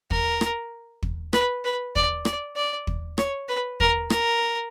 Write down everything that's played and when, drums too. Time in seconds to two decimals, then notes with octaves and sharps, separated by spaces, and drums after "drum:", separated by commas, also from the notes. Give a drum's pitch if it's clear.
0.11 A#4, drum: kick
0.41 drum: rim click
1.03 drum: kick
1.33 B4, drum: rim click
1.64 B4
1.95 D5, drum: kick
2.25 D5, drum: rim click
2.56 D5
2.87 drum: kick
3.18 C#5, drum: rim click
3.49 B4
3.80 A#4, drum: kick
4.10 A#4, drum: rim click